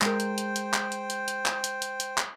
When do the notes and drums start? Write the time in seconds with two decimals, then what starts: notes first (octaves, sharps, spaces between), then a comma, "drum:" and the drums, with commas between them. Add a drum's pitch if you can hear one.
0.02 G#3 A#4 C5 G5, drum: clap
0.20 drum: hi-hat
0.38 drum: hi-hat
0.56 drum: hi-hat
0.74 drum: clap
0.92 drum: hi-hat
1.10 drum: hi-hat
1.28 drum: hi-hat
1.46 drum: clap
1.64 drum: hi-hat
1.82 drum: hi-hat
2.00 drum: hi-hat
2.18 drum: clap